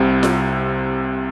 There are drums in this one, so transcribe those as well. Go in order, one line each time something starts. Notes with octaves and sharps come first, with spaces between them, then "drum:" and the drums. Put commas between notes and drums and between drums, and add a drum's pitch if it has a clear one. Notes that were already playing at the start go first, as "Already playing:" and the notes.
Already playing: C2 C3
drum: snare F4